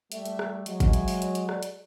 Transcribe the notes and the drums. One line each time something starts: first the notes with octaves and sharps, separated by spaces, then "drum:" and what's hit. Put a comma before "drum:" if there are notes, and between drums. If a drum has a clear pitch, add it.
G3 A3 E5, drum: hi-hat
drum: hi-hat
drum: rim click
F#3 G#3 D#5, drum: hi-hat
drum: kick, hi-hat
E5, drum: hi-hat
drum: open hi-hat
D#5, drum: hi-hat
drum: hi-hat
D5, drum: rim click
drum: hi-hat